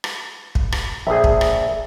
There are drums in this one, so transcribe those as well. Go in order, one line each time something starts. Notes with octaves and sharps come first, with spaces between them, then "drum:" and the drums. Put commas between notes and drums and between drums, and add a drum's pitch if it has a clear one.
drum: rim click
drum: kick
drum: rim click
A#1 G#4 E5
drum: kick
drum: rim click